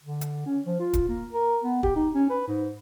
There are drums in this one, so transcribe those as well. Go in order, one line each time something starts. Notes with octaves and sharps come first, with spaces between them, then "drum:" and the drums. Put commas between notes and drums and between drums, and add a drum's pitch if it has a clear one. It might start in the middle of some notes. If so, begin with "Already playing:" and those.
D3
drum: hi-hat
C#4
F3
F4
drum: kick, hi-hat
A#3
A#4
B3
G4, drum: kick
D#4
C#4
B4
G#2